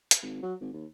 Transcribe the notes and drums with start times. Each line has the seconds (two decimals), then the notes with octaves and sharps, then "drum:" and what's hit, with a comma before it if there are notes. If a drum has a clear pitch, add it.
0.11 drum: hi-hat
0.22 G#1
0.43 F#3
0.61 G#1
0.73 D#2